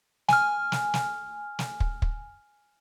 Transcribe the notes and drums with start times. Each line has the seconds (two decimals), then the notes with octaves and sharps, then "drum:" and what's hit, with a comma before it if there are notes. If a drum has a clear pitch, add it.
0.29 G#5 F6, drum: snare
0.72 drum: snare
0.94 drum: snare
1.59 drum: snare
1.80 drum: kick
2.02 drum: kick